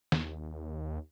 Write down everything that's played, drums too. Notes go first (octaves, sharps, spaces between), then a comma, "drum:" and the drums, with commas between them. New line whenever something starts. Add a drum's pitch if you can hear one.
D#2, drum: snare